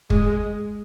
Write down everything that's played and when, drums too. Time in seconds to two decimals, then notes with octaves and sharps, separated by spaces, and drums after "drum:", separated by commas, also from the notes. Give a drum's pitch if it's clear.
0.10 G#3, drum: kick